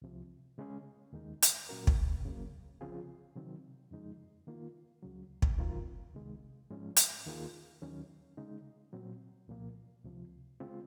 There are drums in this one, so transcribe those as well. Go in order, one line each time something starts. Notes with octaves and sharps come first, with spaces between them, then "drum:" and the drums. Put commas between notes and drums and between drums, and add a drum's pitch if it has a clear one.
C2 C3 F3
C#3 G#3 C#4 G#4
D#2 D#3 G#3 D#4
drum: hi-hat
A#2 F#3 C#4 F#4 A#4
drum: kick
C#3 F#3 A#3
C#3 F3 C4 F4 G#4
C3 D#3 F#3 C4
F2 C#3 F3 G#3 D#4
D#3 A#3 F4
C#2 C#3 F#3
drum: kick
D#3 F#3 C4 F4 A#4
C2 C3 D#3 G#3
G#2 F3 G#3 C#4
drum: hi-hat
D#2 D#3 A#3 F4 G#4
D#2 D#3 F#3 C#4
C#3 G#3 D#4
A#2 F#3 C4
C2 A#2 F3 A#3
C#2 C3 F3
C#3 G#3 C4 F4